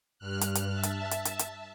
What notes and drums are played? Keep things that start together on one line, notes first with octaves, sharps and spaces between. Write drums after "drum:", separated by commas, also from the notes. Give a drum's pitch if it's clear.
G2 F6 F#6
drum: hi-hat
drum: hi-hat
E5 A5
drum: hi-hat
drum: hi-hat
drum: hi-hat
drum: hi-hat